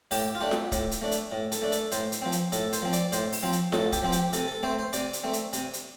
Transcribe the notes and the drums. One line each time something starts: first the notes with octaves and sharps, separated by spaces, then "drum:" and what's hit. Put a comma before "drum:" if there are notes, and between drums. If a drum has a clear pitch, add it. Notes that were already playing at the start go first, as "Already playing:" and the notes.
A2 G4, drum: open hi-hat
F4
A3 D4 G4
drum: snare F4
A2, drum: kick, hi-hat
drum: hi-hat
A3 D4
drum: hi-hat
A2
A4, drum: hi-hat
A3 D4
A4, drum: hi-hat
A2 C5, drum: hi-hat
drum: hi-hat
F3 C4
drum: hi-hat
A2 A4, drum: hi-hat
C5, drum: hi-hat
F3 C4
D5, drum: hi-hat
A2 C5, drum: hi-hat
drum: open hi-hat
F3 C4
drum: hi-hat
A2 A4, drum: snare F4
G4, drum: kick, hi-hat
F3 C4
G4, drum: hi-hat
C3 A4, drum: hi-hat
A4
A3 C4 C5
C5
C3 D5, drum: hi-hat
drum: hi-hat
A3 C4
drum: hi-hat
C3, drum: hi-hat
drum: hi-hat